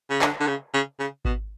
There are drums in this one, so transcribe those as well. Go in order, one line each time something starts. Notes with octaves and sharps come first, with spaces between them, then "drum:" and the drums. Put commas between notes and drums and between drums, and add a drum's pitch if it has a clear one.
C#3
D3, drum: clap
D3
C#3
C#3
C#3
B2, drum: kick G#1